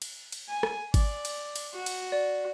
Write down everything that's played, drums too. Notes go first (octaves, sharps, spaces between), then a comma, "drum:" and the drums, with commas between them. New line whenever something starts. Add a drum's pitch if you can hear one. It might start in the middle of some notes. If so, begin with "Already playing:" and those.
drum: cymbal
drum: cymbal
G#5
drum: rim click
D5, drum: kick G#1, cymbal
drum: cymbal
drum: cymbal
F#4
drum: cymbal
D5